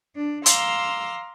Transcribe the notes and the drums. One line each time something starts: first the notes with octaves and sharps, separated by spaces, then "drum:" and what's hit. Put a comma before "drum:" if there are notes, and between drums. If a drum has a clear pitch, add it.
D4
F5 A#5 C6 D6 E6, drum: hi-hat